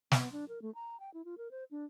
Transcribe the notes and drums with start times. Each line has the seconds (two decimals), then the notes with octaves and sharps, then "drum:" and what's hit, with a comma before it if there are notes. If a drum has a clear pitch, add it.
0.12 B3, drum: snare
0.32 D4
0.49 A#4
0.62 A3
0.75 A#5
1.00 G5
1.14 E4
1.25 F4
1.38 A#4
1.51 C5
1.71 D4